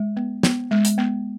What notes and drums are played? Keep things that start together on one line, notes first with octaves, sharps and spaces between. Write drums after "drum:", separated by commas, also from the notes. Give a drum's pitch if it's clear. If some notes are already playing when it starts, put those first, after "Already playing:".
Already playing: G#3
B3
B3, drum: snare
G#3
drum: hi-hat
B3